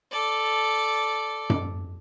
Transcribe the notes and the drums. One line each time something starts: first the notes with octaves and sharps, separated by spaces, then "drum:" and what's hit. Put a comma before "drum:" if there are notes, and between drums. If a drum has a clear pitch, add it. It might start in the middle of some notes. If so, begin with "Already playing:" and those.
A4 D5
drum: tom F#2